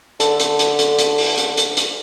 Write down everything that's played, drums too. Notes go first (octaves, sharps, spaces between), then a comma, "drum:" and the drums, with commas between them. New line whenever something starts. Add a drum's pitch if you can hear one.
D3 A4, drum: hi-hat
drum: hi-hat
drum: hi-hat
drum: hi-hat
drum: hi-hat
drum: open hi-hat
drum: hi-hat
drum: hi-hat
drum: hi-hat